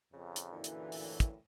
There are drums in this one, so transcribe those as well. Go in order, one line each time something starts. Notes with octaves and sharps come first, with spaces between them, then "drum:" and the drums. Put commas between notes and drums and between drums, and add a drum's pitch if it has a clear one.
F2 C#3
drum: hi-hat
F#2 A#2 D3 E3
drum: hi-hat
A2, drum: open hi-hat
drum: kick, hi-hat